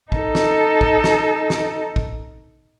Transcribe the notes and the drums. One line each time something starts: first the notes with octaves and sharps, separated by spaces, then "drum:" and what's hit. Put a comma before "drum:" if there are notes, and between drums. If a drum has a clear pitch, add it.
D#4 A4, drum: kick
drum: snare
drum: kick
drum: snare
drum: snare
drum: kick